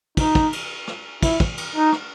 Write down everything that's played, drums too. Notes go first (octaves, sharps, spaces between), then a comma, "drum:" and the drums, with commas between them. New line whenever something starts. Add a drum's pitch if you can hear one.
D#4, drum: kick, cymbal
drum: kick
drum: cymbal
drum: rim click
E4, drum: kick, cymbal
drum: kick
drum: cymbal
D#4
drum: rim click